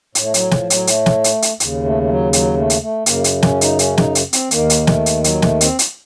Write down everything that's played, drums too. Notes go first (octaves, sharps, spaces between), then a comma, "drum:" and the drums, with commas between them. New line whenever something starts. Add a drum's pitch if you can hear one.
A2, drum: hi-hat
A3
F#3, drum: hi-hat
F3, drum: snare
F#3, drum: hi-hat
A3, drum: hi-hat
drum: snare
drum: hi-hat
drum: hi-hat
D#2 C#3, drum: hi-hat
A3
A3
F#3
F#3, drum: hi-hat
A3
drum: hi-hat
A3
F#2 C#3 A#3, drum: hi-hat
drum: hi-hat
C#4, drum: snare
D#4, drum: hi-hat
C#4, drum: hi-hat
D#4, drum: snare
drum: hi-hat
C4, drum: hi-hat
D#2 D#3 A#3, drum: hi-hat
drum: hi-hat
A3, drum: snare
drum: hi-hat
F#3, drum: hi-hat
A3, drum: snare
C4, drum: hi-hat
drum: hi-hat